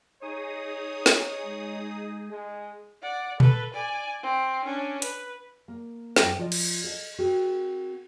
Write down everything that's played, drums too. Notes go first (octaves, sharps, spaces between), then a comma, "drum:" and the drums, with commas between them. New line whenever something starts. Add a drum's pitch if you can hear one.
D#4 G#4 C#5 D#6
drum: snare
G#3
G#3 G#4
D5 F#5
A4 B4, drum: tom A#2
D5 G#5
C4
C#4 D4
B4, drum: hi-hat
A#3
F#2 A#4 G5, drum: snare
F3 F4 D5 D#5
drum: cymbal
A4 D#5
C4 F#4 G#4 A#4